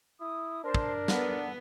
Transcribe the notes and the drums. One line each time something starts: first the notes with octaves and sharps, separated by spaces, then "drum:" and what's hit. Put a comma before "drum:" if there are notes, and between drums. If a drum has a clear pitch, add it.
E4 D#6
D4 A#4 C5 A5 C6
drum: kick
B3 A4 F#5, drum: snare